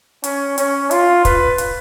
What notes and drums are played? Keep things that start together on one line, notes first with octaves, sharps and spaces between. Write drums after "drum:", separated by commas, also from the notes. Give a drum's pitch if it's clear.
C#4, drum: hi-hat
C#4, drum: hi-hat
F4, drum: hi-hat
B4, drum: kick, hi-hat
drum: hi-hat